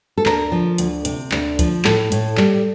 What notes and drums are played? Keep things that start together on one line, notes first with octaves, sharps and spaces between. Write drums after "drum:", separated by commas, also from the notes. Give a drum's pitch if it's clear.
A4
D2 A#4, drum: clap
F3
D2, drum: hi-hat
C3, drum: hi-hat
D2, drum: clap
F3, drum: kick, hi-hat
A2 A4, drum: clap
A2, drum: hi-hat
G3, drum: clap